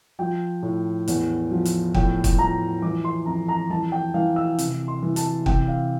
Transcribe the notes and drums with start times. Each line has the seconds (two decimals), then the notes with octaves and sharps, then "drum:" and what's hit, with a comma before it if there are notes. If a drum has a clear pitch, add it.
0.19 F3 G5
0.63 A2
1.08 E2, drum: hi-hat
1.51 F3
1.65 drum: hi-hat
1.94 A2 G5, drum: kick
2.24 drum: kick, hi-hat
2.39 F3 A#5
2.82 E3 D6
3.05 C6
3.26 F2 A#5
3.48 A#5
3.70 E3 A5
3.92 G5
4.14 E3 F5
4.36 E6
4.59 C3, drum: hi-hat
4.88 C6
5.03 E3
5.16 A5, drum: hi-hat
5.46 C3 G5, drum: kick
5.68 F5